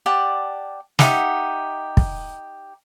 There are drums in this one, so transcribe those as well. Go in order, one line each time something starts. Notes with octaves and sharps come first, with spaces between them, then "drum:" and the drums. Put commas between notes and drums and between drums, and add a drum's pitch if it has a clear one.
G4 D5 F#5 A5
D#4 G4 E5 F#5, drum: snare
drum: kick